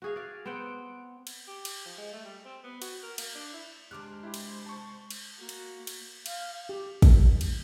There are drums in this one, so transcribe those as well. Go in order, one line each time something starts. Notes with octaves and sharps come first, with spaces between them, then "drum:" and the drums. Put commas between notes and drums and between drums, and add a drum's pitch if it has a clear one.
F#4 G#4 F5
D5 F5
B3 C4 F#5 G5
drum: cymbal
G4
drum: cymbal
F3
G#3
A3
G3
C4
B3
F#4, drum: cymbal
A#4
A#3, drum: cymbal
D4
E4
C3 G#3 D4 C5 D6 F6 F#6
E4 G4
drum: cymbal
A5 C#6
drum: cymbal
A#3 F#4
drum: cymbal
drum: cymbal
F5, drum: cymbal
G4
drum: kick, cymbal
drum: cymbal